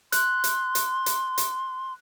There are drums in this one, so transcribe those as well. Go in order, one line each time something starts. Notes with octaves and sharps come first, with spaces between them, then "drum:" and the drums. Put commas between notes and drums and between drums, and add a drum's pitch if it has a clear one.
C6 F#6, drum: hi-hat
drum: hi-hat
drum: hi-hat
drum: hi-hat
drum: hi-hat